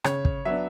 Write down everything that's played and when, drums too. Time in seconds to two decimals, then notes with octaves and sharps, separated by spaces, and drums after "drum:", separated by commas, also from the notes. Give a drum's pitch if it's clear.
0.04 C#3 C#5, drum: rim click
0.25 drum: kick
0.45 F#3 B3 D4 E5